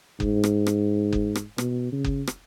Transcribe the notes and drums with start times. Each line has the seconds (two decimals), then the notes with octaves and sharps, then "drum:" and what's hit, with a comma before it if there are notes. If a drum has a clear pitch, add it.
0.20 G#2, drum: kick F#1
0.44 drum: rim click
0.67 drum: rim click
1.12 drum: kick F#1
1.35 drum: rim click
1.58 B2, drum: rim click
1.92 C#3
2.04 drum: kick F#1
2.27 drum: rim click